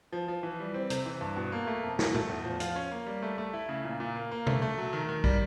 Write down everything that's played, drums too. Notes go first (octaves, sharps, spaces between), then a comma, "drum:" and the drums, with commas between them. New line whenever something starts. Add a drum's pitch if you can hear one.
F3
F3
E3
G3
C4
C3, drum: hi-hat
E3
G2
B2
A#3
A3
F2
F#3, drum: snare
A3, drum: tom A2
E2
F3
F4, drum: hi-hat
C#4
A#3
G3
A3
A3
E4
C#3
A#2
A#2
A#3
A#3
A3, drum: tom B2
A3
F#3
D#3
D#3
G3, drum: kick